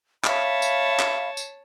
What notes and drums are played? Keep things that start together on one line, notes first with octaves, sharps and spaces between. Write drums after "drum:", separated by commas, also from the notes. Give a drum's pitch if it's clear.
C#5 E5 F5 A5 B5, drum: clap
drum: tambourine
drum: clap
drum: tambourine